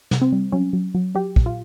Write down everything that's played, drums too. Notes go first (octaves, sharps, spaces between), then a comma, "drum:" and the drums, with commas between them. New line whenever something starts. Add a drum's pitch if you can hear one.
C3, drum: snare
C4
G3
F#3 C#4
F#3
F#3
F#3 G4
A#2, drum: kick
F4